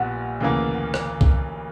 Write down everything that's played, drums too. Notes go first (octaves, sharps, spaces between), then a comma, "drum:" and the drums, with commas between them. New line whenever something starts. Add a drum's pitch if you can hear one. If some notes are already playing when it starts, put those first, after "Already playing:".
Already playing: A#1 A#2 G3 B3 F#5
D2 C#3 E3 A#3
drum: rim click
drum: kick C2